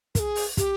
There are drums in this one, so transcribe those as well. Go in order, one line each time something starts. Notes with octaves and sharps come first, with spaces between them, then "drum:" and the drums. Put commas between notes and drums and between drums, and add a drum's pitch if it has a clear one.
A#4, drum: kick, hi-hat
G#4
drum: open hi-hat
G4, drum: kick, hi-hat